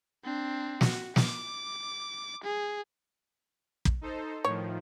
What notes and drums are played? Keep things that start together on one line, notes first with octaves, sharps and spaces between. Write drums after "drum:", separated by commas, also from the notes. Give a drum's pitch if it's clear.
C4 D4
F#4, drum: snare
D6, drum: snare
G#4
drum: kick
D#4 A4 C5
A2 D#3 F3 C#5